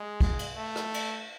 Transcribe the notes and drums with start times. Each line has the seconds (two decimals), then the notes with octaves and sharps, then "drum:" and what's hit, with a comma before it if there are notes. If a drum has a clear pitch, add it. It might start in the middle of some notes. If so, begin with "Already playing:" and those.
Already playing: G#3
0.21 drum: kick, cymbal
0.39 drum: cymbal
0.57 A3
0.76 drum: rim click
0.94 drum: cymbal